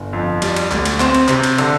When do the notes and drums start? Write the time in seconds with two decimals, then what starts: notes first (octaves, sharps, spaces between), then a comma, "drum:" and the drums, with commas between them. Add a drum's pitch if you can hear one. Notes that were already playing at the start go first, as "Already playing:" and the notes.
Already playing: G1
0.13 F2
0.42 G3, drum: cymbal
0.56 drum: cymbal
0.71 D2, drum: clap
0.85 drum: cymbal
1.00 C4, drum: clap
1.14 drum: cymbal
1.28 C3, drum: clap
1.43 drum: cymbal
1.58 D3, drum: cymbal